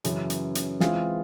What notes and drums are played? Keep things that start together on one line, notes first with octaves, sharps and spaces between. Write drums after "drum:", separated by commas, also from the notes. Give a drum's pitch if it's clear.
F#2 C#3 E3, drum: hi-hat
drum: hi-hat
drum: hi-hat
E3 G#3 C4 F4 G#4, drum: snare